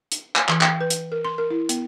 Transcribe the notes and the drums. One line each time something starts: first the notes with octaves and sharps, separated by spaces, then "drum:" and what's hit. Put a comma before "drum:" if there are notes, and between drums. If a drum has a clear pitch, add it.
drum: hi-hat
G#5, drum: clap
E3, drum: clap
G5, drum: clap
B4
drum: hi-hat
A#4
C6
A#4
E4
B3, drum: hi-hat